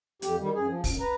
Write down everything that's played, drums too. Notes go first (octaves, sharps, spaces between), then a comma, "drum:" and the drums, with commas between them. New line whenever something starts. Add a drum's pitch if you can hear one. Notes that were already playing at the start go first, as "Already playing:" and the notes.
F2 G4, drum: hi-hat
D#3 G3
F#2 G#4
F3
F#2, drum: kick, open hi-hat
B4 A#5